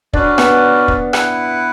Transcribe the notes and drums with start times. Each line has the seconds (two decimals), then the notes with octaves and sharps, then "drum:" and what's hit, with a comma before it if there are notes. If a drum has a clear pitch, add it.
0.13 C#4 D4 F#4 B4 D5, drum: kick
0.38 B3, drum: rim click
0.88 drum: kick
1.13 E4 B4 F#5, drum: rim click